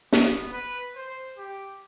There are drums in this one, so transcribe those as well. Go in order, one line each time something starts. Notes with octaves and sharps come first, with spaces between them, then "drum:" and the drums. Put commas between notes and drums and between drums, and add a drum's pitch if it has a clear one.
B3, drum: snare
B4
C5
G4